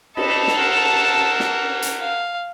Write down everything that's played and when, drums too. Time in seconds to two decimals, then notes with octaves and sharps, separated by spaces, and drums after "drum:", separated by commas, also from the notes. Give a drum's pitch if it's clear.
0.17 A4 D#5 A5 B5, drum: cymbal
0.47 drum: snare
0.57 A#4 F#5
1.40 drum: snare
1.82 drum: hi-hat
2.02 F5